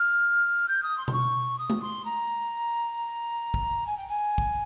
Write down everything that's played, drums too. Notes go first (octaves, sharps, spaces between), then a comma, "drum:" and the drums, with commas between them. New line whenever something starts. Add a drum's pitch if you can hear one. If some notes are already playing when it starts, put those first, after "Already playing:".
Already playing: F6
G6
D#6
C6
C6, drum: tom B2
C#6
D#6
drum: tom G#3
C6
A#5
drum: kick
G#5
G5
G#5
drum: kick